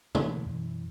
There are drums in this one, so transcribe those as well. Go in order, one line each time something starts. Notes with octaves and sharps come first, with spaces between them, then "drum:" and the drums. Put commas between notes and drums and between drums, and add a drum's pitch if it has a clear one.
D3 E3 A3 A#3, drum: tom
F#2 E3